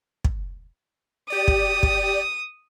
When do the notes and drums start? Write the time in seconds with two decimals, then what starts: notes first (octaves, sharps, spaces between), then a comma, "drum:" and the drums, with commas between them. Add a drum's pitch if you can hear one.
0.25 drum: kick
1.30 G4 D5 D#6
1.48 drum: kick
1.83 drum: kick